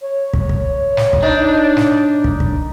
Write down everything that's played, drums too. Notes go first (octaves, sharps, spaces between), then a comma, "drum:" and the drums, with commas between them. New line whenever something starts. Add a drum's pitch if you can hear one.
C#5
drum: kick
drum: kick
drum: snare
drum: kick
D4 D#4
drum: snare
drum: kick
drum: kick